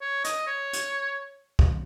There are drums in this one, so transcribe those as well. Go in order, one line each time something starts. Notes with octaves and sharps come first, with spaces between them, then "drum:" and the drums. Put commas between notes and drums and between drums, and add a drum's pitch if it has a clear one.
C#5
D#5, drum: hi-hat
C#5
drum: hi-hat
drum: kick